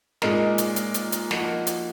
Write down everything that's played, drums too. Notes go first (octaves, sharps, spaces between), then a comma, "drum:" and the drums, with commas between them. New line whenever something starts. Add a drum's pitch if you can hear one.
A#2 G#3 D#4 A#4, drum: snare
drum: hi-hat
drum: hi-hat
drum: hi-hat
drum: hi-hat
F3 A#3 D#4 F#4, drum: snare
drum: hi-hat